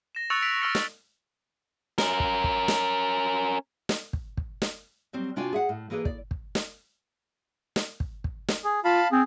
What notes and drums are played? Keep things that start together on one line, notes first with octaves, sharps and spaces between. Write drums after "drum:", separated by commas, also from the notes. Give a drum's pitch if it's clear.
A#6 E7
C#6 E6 F#6 A6 C#7 F7
E6 B6 D7 F7
C#6 E6 F6 A#6 C#7
C#6, drum: snare
C#4 A#4, drum: snare
drum: kick
drum: kick
drum: snare
drum: snare
drum: kick
drum: kick
drum: snare
F#3 G3 C4
C3 D4 F4 F#4 G5 G#5
G#4 E5 F#5
A2
E3 A#3 G#4 A4 B4
D5, drum: kick
drum: kick
drum: snare
drum: snare
drum: kick
drum: kick
drum: snare
G#4
F4 F5 A5 B5
C4 G#4